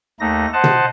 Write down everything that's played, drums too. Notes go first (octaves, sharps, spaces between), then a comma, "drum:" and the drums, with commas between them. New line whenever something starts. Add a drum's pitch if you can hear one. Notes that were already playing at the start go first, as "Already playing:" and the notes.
D#2 A3 D#4 A#6
C5 D#5 F#5 A5
drum: tom